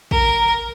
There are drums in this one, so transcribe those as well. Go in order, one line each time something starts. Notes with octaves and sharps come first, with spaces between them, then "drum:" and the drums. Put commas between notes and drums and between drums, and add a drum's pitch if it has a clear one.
A#4, drum: kick